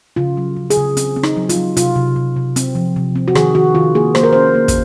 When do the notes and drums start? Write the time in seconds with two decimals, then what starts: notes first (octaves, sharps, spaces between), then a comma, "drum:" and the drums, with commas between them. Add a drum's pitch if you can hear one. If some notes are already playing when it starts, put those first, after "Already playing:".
0.16 C#3 F4
0.37 F#3
0.57 C#3
0.70 G#4, drum: hi-hat
0.77 C#3
0.97 C4, drum: hi-hat
1.16 C4
1.23 D#4, drum: rim click
1.37 F#3
1.49 F4, drum: hi-hat
1.56 F#3
1.77 C3 F4, drum: hi-hat
1.96 C3
2.16 C3
2.36 C3
2.56 C4, drum: hi-hat
2.75 F3
2.96 C3
3.15 C4
3.28 F#4
3.35 D#3 G#4, drum: rim click
3.55 D#3 F#4
3.75 D#3 F4
3.95 A#3 G#4
4.15 A#3 C5, drum: rim click
4.23 A#4
4.33 C#4 C5
4.55 A#3
4.68 drum: kick, hi-hat